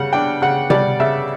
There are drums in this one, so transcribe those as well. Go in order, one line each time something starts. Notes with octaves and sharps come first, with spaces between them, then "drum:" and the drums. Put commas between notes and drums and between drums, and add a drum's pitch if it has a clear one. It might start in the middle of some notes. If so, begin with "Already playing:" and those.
Already playing: C#3 G3 F#5
D4 G5
C#3 F#5
G3 D5, drum: tom C3
C#3 E5